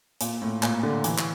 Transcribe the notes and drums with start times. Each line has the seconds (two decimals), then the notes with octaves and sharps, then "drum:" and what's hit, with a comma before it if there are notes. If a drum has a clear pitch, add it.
0.21 A#2, drum: hi-hat
0.42 A2
0.63 A#2, drum: clap
0.83 D3
1.04 E3, drum: hi-hat
1.18 drum: clap